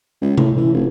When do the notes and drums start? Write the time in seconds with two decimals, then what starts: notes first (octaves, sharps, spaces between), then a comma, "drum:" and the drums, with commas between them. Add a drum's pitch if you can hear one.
0.22 C#2
0.37 A2, drum: tom C3
0.57 E3
0.74 F1